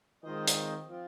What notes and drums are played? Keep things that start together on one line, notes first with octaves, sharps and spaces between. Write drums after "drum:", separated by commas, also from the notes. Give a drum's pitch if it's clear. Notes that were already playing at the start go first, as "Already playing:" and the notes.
D#3 G#3 C4 F4 C5 D#5
drum: hi-hat
F3 C4 F4